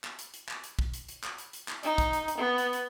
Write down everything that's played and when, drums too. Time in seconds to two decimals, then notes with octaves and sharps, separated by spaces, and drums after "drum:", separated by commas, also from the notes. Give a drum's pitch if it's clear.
0.04 drum: clap
0.19 drum: hi-hat
0.34 drum: hi-hat
0.49 drum: clap
0.64 drum: hi-hat
0.79 drum: kick
0.94 drum: hi-hat
1.09 drum: hi-hat
1.23 drum: clap
1.38 drum: hi-hat
1.53 drum: hi-hat
1.68 drum: clap
1.83 D#4, drum: hi-hat
1.98 drum: kick, hi-hat
2.13 drum: hi-hat
2.28 drum: hi-hat
2.38 B3
2.58 drum: hi-hat
2.73 drum: hi-hat